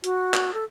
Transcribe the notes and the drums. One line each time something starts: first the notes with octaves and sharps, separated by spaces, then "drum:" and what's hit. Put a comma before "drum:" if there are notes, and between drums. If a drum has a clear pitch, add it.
F#4, drum: hi-hat
drum: clap
A4